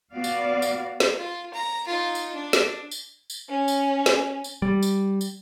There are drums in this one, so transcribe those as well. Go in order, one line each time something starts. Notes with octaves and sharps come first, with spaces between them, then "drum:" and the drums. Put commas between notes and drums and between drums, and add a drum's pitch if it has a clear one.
B3 F#4 D5 F5
drum: tambourine
drum: tambourine
drum: snare
F4
A#5
D#4 F4
drum: tambourine
D4
drum: snare
drum: tambourine
drum: tambourine
C#4
drum: tambourine
drum: snare
drum: tambourine
G3
drum: tambourine
drum: tambourine